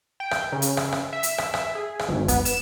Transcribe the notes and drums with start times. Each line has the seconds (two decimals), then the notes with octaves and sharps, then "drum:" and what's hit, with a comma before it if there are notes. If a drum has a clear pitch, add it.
0.20 G5
0.31 drum: rim click
0.52 C#3
0.62 drum: hi-hat
0.77 drum: rim click
0.92 drum: rim click
1.13 E5
1.23 drum: hi-hat
1.38 drum: rim click
1.54 drum: rim click
1.75 G#4
1.99 drum: rim click
2.08 G#1
2.28 B3, drum: kick F2, hi-hat
2.45 E7, drum: hi-hat